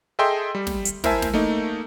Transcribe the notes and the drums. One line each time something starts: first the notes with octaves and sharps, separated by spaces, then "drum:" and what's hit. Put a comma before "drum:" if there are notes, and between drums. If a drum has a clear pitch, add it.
G#4 A4 D#5 E5 G5 C6
G3
drum: snare
drum: hi-hat
E4 A#4 C5 E5 G#5 A5, drum: snare
drum: snare
A3 A#3 D#4